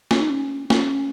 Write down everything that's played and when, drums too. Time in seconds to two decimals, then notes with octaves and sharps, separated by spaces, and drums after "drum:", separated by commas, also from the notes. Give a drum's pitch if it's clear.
0.11 C#4, drum: snare
0.21 D#4
0.30 C#4
0.70 C#4, drum: snare